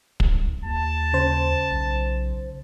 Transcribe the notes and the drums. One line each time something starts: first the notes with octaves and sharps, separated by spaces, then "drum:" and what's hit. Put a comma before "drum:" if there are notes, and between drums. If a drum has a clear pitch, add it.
C2, drum: kick
D#2 A5
C#3 C5
B1